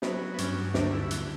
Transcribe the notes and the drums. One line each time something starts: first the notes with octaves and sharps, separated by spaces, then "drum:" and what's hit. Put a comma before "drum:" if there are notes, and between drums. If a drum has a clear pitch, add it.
F#3 B3, drum: snare
B3
G2 C#4, drum: hi-hat
D2 D4, drum: snare
E4
E4
D2 F#4, drum: hi-hat